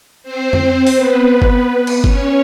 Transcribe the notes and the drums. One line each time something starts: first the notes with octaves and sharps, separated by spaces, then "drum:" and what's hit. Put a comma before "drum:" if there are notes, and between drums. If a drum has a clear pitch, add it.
C4 C5
drum: tom F2
drum: open hi-hat
B3 B4
drum: kick G1
drum: cymbal
C#4 C#5, drum: kick G1